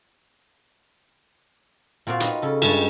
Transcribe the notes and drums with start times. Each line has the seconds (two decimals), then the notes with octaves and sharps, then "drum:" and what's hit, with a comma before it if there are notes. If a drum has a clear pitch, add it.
2.07 A#2 C4 F#4 D5 F5
2.20 D#4 B4, drum: hi-hat
2.42 C#3 A4
2.62 G2 G#3 C#4 C#5 A5, drum: cymbal